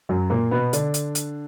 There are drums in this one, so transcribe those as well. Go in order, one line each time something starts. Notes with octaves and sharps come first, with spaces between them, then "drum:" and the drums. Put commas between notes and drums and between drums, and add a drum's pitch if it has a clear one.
F#2 F#3
A#2 A#3
B2 B3
D3 D4, drum: hi-hat
drum: hi-hat
drum: hi-hat